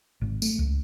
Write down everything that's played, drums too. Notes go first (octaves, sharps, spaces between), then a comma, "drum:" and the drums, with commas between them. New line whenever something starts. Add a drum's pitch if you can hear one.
G#1
A3, drum: tambourine
C#2